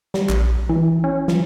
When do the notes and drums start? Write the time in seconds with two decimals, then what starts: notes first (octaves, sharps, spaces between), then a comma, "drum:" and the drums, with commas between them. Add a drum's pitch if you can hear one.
0.14 G3, drum: snare
0.29 A#1, drum: clap
0.69 E3
1.04 C#4
1.28 F3, drum: snare